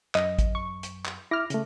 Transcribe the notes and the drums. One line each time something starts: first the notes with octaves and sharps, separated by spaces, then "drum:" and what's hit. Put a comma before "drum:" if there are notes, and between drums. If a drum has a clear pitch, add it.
F#2 D#5, drum: clap
drum: kick A1, hi-hat
C#6
drum: hi-hat
drum: clap
E4 D6 F6 A#6
C#3 A3, drum: hi-hat